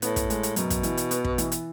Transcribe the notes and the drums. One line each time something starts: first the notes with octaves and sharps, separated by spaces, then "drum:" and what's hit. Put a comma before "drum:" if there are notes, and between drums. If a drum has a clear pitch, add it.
A2 B3, drum: hi-hat
drum: kick, hi-hat
G#3, drum: hi-hat
drum: hi-hat
F#2 B2, drum: hi-hat
drum: kick, hi-hat
E3, drum: hi-hat
drum: hi-hat
B3, drum: hi-hat
drum: kick
E3, drum: hi-hat
drum: hi-hat